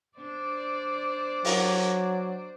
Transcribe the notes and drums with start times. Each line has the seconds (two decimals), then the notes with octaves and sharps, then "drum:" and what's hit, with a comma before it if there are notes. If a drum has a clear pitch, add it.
0.18 D4 C5 D5
1.45 F#3, drum: open hi-hat